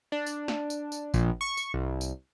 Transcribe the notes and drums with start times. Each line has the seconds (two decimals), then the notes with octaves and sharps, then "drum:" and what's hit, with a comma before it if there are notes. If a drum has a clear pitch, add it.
0.12 D4
0.26 drum: tambourine
0.48 drum: snare
0.70 drum: tambourine
0.92 drum: tambourine
1.14 A#1, drum: kick A1, tambourine
1.41 C#6
1.57 drum: tambourine
1.74 C2
2.01 drum: tambourine